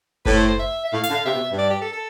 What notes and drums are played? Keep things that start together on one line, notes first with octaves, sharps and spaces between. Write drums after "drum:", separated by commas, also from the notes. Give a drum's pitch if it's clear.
A2 B4, drum: kick F#1
C5
C5
E5
E5
A2 F5
F5, drum: hi-hat
D3
F5
C3 E5
B2
G2
D5
G4
A4
A4